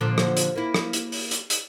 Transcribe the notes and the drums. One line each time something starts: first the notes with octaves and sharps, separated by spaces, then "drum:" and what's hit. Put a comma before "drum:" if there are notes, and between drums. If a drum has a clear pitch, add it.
A#2 D3 F3
drum: rim click
drum: hi-hat
A#3 E4
drum: rim click
drum: hi-hat
drum: open hi-hat
drum: hi-hat
drum: hi-hat